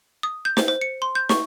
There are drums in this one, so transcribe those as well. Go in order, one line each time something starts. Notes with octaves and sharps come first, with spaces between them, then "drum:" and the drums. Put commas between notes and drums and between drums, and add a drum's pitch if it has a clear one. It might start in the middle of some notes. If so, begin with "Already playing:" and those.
D#6
G6
C5, drum: snare
C5
C#7
C6
G6
C#6, drum: snare